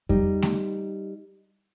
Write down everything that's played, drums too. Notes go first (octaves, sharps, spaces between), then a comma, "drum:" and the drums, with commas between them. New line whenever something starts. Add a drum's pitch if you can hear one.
G3 D#4, drum: kick F2
drum: snare A3